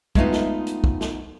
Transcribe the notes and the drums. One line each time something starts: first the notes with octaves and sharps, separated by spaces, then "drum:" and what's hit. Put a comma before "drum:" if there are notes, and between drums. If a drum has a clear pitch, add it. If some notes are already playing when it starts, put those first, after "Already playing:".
G#3 A3 B3 D#4 F4, drum: kick
drum: snare
drum: hi-hat
drum: kick
drum: snare